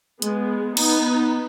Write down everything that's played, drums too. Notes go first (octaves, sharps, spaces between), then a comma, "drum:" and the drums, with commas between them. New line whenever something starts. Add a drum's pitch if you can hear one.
G#3 B3, drum: hi-hat
B3 D#4, drum: cymbal